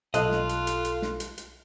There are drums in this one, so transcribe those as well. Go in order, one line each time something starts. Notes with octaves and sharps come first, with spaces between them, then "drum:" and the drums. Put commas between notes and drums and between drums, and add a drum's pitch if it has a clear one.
B1 F4 A4 D#5 F#6, drum: hi-hat
drum: snare
drum: hi-hat
drum: hi-hat
drum: hi-hat
drum: snare
drum: hi-hat
drum: hi-hat